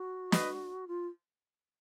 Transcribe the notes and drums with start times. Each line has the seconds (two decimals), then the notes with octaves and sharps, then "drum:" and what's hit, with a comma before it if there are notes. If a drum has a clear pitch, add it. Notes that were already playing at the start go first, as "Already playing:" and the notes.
Already playing: F#4
0.32 B4 D#5, drum: snare
0.88 F4